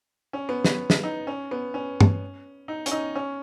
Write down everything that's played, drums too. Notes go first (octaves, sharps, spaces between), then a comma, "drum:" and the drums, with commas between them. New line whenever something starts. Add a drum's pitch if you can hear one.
C#4
B3
B3, drum: snare
drum: snare
D#4
C#4
B3
C#4
drum: tom G2
D#4
C#4, drum: hi-hat
D#4
C#4